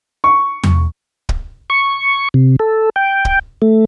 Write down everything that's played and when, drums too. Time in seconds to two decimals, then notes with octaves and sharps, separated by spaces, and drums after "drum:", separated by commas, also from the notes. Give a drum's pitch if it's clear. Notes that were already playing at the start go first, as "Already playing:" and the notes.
0.24 C#6
0.64 drum: tom E2
1.29 drum: kick
1.70 C#6
2.34 C3
2.60 A4
2.96 G5
3.25 drum: kick
3.62 A3